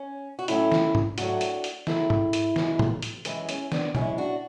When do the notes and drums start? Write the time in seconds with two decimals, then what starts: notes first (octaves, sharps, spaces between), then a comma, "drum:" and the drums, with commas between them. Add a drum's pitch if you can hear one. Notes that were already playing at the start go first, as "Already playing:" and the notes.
Already playing: C#4
0.39 F#4
0.48 A2 F#3 A3 C#4 E4, drum: hi-hat
0.72 drum: snare
0.95 drum: tom G#2
1.18 A2 F#3 A3 D4 F#4, drum: hi-hat
1.41 drum: hi-hat
1.64 drum: hi-hat
1.87 A2 F#3 A3 E4 G#4, drum: snare
2.10 drum: tom G#2
2.33 drum: hi-hat
2.56 F#2 E3 G#3, drum: snare
2.79 drum: tom
3.02 drum: hi-hat
3.25 F#2 E3 G#3 G#4 B4, drum: hi-hat
3.49 C#4, drum: hi-hat
3.72 B3 D4, drum: snare
3.95 F#2 E3 G#3 C#4 E4, drum: tom
4.18 D4 F#4